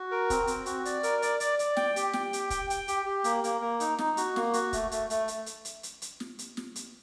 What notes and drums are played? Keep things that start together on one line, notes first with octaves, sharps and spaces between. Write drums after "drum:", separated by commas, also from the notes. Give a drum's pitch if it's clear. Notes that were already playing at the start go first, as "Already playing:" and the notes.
Already playing: F#4
A#4
C4, drum: kick, hi-hat
C4, drum: hi-hat
F#4, drum: hi-hat
D5, drum: hi-hat
A#4, drum: hi-hat
D5, drum: hi-hat
D5, drum: hi-hat
D5, drum: hi-hat
G5, drum: snare
G4, drum: hi-hat
G5, drum: snare
G4, drum: hi-hat
G5, drum: kick, hi-hat
G5, drum: hi-hat
G4, drum: hi-hat
G4
A#3, drum: hi-hat
A#3, drum: hi-hat
A#3
D#4, drum: hi-hat
D#4, drum: snare
F#4, drum: hi-hat
A#3, drum: snare
F#4, drum: hi-hat
A3, drum: kick, hi-hat
A3, drum: hi-hat
A3, drum: hi-hat
drum: hi-hat
drum: hi-hat
drum: hi-hat
drum: hi-hat
drum: hi-hat
drum: snare
drum: hi-hat
drum: snare
drum: hi-hat